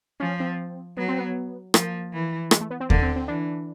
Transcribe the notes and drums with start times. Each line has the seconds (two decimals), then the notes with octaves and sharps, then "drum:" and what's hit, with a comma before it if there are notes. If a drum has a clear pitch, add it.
0.20 F3 C#4
0.40 C4
0.97 F#3 B3
1.08 C4
1.18 B3
1.74 F3 A#3, drum: rim click
2.13 E3
2.51 G#3, drum: rim click
2.61 A3
2.70 B3
2.80 C4
2.90 D3 A#3, drum: kick D#2
3.02 C4
3.16 C4
3.28 E3 D4